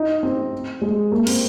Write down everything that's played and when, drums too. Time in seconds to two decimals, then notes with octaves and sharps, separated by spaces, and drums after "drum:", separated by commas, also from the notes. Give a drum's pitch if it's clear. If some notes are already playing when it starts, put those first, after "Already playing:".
Already playing: D#4
0.23 C4
0.82 G#3
1.12 A#3
1.27 C4, drum: cymbal